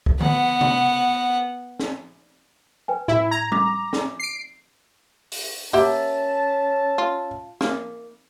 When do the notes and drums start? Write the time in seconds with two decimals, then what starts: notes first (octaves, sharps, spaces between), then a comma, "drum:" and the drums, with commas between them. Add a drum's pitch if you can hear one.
0.06 drum: kick
0.21 B3 F#5, drum: tom D3
0.61 drum: tom C3
1.80 drum: snare
2.88 B4 G5 G#5
3.08 E4, drum: tom A2
3.31 A#5 G#6
3.52 D6, drum: tom G3
3.93 drum: snare
4.20 C7 D7
5.32 drum: open hi-hat
5.73 A#3 C#4 G4 E5 F#5 A5
6.98 F4
7.61 A#3, drum: snare